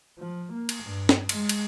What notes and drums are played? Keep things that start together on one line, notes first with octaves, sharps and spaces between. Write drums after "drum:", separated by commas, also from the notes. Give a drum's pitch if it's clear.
F3
A#3
drum: cymbal
G2
drum: snare
G#3, drum: cymbal
drum: cymbal